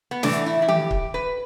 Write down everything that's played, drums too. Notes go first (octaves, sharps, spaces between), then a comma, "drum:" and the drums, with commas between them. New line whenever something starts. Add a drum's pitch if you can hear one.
B3
A2 E3 A3 D4, drum: snare
E4
E4
G4, drum: tom D#3
drum: kick C#1
B4